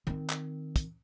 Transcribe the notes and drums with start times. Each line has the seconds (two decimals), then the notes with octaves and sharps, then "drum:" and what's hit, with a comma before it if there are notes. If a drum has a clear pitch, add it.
0.07 D#3 C4
0.30 drum: clap
0.76 drum: kick, hi-hat